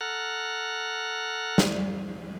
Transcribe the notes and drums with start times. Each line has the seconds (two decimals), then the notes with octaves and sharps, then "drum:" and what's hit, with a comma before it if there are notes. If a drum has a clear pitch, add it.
0.01 A4 F#5 A#5 F6 F#6
1.58 drum: snare